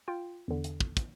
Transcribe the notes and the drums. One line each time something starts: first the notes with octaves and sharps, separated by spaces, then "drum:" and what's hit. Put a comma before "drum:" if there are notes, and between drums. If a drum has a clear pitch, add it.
F4 G5
E2 D3
drum: hi-hat
drum: kick
drum: kick, hi-hat